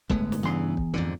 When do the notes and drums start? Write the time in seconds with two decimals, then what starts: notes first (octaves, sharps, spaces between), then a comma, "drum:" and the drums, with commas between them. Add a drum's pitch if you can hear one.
0.10 G1 A2 G#3 B3, drum: kick
0.32 drum: snare
0.43 E2 G2 C#3 E3 C6
0.77 drum: kick
0.94 F2 G#2 D3